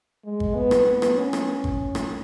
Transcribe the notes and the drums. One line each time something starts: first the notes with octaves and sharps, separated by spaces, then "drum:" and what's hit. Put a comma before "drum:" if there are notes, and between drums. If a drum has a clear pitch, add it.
G#3
drum: kick
B3
drum: rim click
B3
drum: rim click
C#4
drum: rim click
drum: kick
drum: rim click